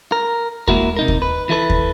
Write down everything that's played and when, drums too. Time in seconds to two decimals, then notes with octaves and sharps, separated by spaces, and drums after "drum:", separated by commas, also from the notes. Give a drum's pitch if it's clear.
0.12 A#4
0.68 G#3 A#3 B3 E4 F#4 A#4, drum: kick D#2
0.97 C3 D#4 A#4
1.08 drum: kick D#2
1.22 B4
1.49 E3 E4 A4 B4
1.70 drum: kick D#2